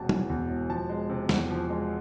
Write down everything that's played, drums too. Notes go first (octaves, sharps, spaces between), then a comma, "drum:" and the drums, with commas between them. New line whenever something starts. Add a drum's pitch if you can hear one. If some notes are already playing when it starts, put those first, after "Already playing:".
Already playing: E1 E2 C3 A5
E3, drum: tom
E2
E1
F3 A5
G#3
C3
E2, drum: snare
F3
G#3